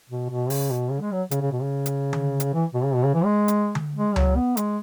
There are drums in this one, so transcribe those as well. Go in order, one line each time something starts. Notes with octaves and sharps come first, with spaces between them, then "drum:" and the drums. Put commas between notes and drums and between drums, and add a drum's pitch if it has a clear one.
B2
B2
C#3, drum: open hi-hat
B2
C#3
G#3
F#3
C#3, drum: hi-hat
C#3
B2
C#3
drum: hi-hat
drum: tom D3
drum: hi-hat
E3
B2
C#3
B2
C#3
E3
G#3
drum: hi-hat
drum: tom D3
G#3
F#3, drum: tom C#2
B3
G#3, drum: hi-hat